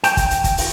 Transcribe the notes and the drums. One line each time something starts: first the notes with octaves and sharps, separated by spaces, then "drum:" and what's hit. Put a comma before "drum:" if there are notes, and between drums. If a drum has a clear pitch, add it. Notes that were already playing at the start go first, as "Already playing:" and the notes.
G5, drum: hi-hat
drum: kick, hi-hat
drum: hi-hat
drum: kick, hi-hat
drum: open hi-hat